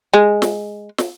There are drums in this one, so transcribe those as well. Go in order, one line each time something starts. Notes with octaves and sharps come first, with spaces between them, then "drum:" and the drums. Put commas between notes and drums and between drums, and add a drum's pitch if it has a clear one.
G#3
drum: snare
drum: snare